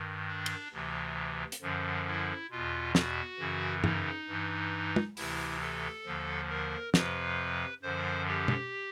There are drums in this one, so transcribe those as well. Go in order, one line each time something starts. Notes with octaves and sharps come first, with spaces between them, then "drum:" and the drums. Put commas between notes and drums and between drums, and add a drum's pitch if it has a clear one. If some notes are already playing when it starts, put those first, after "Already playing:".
Already playing: G2 D#3
D4
drum: cymbal
D2 C3 E3
drum: hi-hat
F#2 D3 F3
E4
E2 B2 F4
F#4, drum: snare
F#2 C#3 E3
D#4, drum: tom
G2 E3
drum: tom
D2 C3 E3 E4, drum: open hi-hat
A4
D#2 D3 F3
A#4
F2 C3 F3 B4, drum: snare
F#2 D3 F3 C5
G4
drum: tom